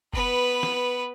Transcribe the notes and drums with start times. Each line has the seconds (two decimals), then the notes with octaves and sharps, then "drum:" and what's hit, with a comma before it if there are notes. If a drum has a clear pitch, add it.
0.14 B3 B4, drum: kick F#1
0.63 drum: snare